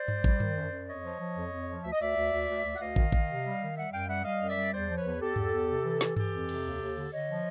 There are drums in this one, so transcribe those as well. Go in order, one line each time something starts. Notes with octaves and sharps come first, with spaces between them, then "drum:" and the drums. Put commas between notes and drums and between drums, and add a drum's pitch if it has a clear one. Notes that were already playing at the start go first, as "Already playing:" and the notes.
Already playing: C5 D5
G3, drum: tom G2
G3, drum: kick
D#3, drum: tom G2
F#2
F#2
F2 C#5 D#5
F3
F3
F2
F2
F3
D2 E5
D#5
D2 D5 E5
D2
D2
D2
D2
F#5
D2 D#5 F5
D#3, drum: kick
D#3, drum: kick
C3
G3
D#3
G3 E5 F#5
F#2 F5 G5
G3 E5 F#5
G3 D#5 F5
F#2
D5 E5
G3
E2 C5 D5
F3
B4 C#5
E2
E2 G4 A4
E2, drum: tom G2
E2
C3
E3
E3, drum: snare
E3 G4 A4, drum: tom G2
F2
C3, drum: cymbal
D#2
D#2
D3
D3 C#5 D#5
F3